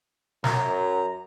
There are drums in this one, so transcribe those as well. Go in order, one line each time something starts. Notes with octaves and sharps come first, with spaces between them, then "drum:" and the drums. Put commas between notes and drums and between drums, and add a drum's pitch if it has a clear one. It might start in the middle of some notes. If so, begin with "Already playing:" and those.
F#2 A#5, drum: snare